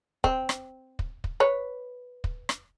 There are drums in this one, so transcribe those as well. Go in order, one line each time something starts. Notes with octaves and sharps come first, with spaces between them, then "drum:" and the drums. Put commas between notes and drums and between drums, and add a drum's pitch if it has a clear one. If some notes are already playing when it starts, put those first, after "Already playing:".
C4, drum: kick
drum: rim click
drum: kick
drum: kick
B4 C#5
drum: kick
drum: rim click